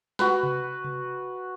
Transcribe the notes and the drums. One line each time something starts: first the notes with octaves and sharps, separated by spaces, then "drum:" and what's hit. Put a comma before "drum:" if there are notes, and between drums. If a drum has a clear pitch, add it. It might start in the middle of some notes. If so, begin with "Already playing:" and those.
F#4 B4, drum: snare
drum: tom C3
drum: tom C3